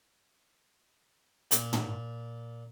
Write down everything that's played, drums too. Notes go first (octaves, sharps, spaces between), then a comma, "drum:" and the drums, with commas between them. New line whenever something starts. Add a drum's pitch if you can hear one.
A#2, drum: hi-hat
drum: tom